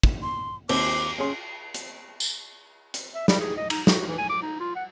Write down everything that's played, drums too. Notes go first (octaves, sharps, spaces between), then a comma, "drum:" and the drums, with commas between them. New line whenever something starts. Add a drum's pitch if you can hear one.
drum: kick
C6
D#2 C4 C5 D6, drum: cymbal
C#4 G#4 C6
drum: hi-hat
drum: tambourine
drum: hi-hat
E5
G3, drum: snare
G#4
D#5
D#4, drum: cymbal
F#4, drum: snare
E3
G#5
D6
D#4
F4
F#5